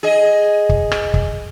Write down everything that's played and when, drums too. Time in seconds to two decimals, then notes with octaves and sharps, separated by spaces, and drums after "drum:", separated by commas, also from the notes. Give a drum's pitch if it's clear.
0.03 G#4 D#5
0.69 drum: kick
0.92 drum: rim click
1.14 drum: kick